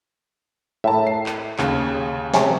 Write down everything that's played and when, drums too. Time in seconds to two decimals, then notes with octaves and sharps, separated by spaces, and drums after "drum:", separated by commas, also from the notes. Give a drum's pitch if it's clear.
0.84 A2 A#4 E5 A5
1.07 C7
1.26 drum: clap
1.59 D#2 C#3, drum: clap
2.34 C3 C#4 G#4, drum: snare